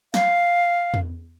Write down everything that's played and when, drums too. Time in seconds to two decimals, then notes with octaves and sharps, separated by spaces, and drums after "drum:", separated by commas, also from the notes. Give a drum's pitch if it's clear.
0.14 F5, drum: snare
0.94 drum: tom E2